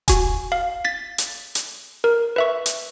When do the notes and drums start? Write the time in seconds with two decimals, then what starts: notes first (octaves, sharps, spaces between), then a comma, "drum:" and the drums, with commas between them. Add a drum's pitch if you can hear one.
0.08 F#4 G#5, drum: kick D#1, hi-hat
0.52 F5
0.85 A6 B6
1.18 drum: hi-hat
1.55 drum: hi-hat
2.04 A#4
2.36 B4 E5 C#6
2.66 drum: hi-hat